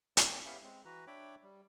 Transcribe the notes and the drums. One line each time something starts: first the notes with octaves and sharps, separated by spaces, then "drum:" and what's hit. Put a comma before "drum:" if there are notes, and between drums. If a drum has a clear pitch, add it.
A#3 C4 C#4 D5 G5 A5, drum: hi-hat
B3 C#4 E4 G4 E5 F5
G#3 C4
E3 F#4 B4 A#5
D4 C#5 E5 G5 B5 D6
G3